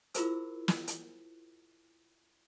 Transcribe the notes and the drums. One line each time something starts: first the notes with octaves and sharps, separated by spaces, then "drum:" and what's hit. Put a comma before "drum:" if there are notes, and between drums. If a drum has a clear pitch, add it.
E4 F4 G#4 A#4 C5 E6, drum: hi-hat
drum: snare
drum: hi-hat